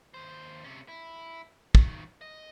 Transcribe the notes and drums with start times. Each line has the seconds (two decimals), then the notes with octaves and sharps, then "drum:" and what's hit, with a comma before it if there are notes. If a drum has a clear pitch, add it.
0.14 D#2 C5
0.64 C3 C#4
0.88 E4
1.75 D#3 F#3, drum: kick
2.21 D#5